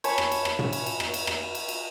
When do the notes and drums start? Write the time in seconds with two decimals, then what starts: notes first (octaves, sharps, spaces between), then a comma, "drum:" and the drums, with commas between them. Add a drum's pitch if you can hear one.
0.04 C#5 G#5 A5 B5, drum: cymbal
0.18 drum: rim click
0.32 drum: cymbal
0.45 drum: rim click
0.59 drum: tom
0.73 drum: cymbal
0.86 drum: cymbal
1.00 drum: rim click
1.14 drum: cymbal
1.27 drum: rim click
1.55 drum: cymbal
1.68 drum: cymbal